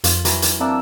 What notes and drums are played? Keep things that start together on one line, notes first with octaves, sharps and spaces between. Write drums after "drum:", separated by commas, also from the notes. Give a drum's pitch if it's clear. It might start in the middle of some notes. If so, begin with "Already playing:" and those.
F2 F4, drum: hi-hat
E3 F#3, drum: hi-hat
drum: hi-hat
A#3 C4 D4 E5 A5 E6